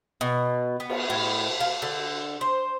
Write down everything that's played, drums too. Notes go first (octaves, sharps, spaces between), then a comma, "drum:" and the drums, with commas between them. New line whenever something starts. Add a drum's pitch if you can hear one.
B2
B3
drum: cymbal
A2
F5
D3
C5